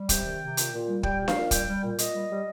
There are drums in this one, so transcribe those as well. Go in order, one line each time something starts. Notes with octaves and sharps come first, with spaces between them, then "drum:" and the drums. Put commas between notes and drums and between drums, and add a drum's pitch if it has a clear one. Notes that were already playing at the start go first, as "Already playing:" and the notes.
Already playing: G3
C3 G5, drum: kick, hi-hat
D#3
C3
A#2, drum: hi-hat
A#2
G3
G3 G5, drum: kick
A#2
F5, drum: snare D4
A#2
G3 G5, drum: kick, hi-hat
G3
A#2
A#2 D#5, drum: hi-hat
G3
G3